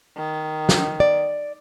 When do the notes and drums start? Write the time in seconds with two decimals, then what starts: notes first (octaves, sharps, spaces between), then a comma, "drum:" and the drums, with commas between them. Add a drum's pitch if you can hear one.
0.17 D#3
0.69 drum: snare
1.00 D5